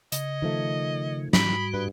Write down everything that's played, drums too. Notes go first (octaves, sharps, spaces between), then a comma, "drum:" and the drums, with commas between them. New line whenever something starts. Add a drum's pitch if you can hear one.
C#3 D#5, drum: hi-hat
D#3 F3 A3
G#2 G3 F#4 B5, drum: snare
G2 B4